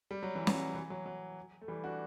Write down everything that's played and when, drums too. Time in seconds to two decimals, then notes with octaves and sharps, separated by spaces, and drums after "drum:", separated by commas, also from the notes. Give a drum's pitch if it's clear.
0.11 G3
0.23 F#3
0.35 E3
0.47 F#3, drum: snare
0.75 E3
0.90 F#3
1.06 F#3
1.61 A3
1.68 E3 G3
1.84 D4 F#4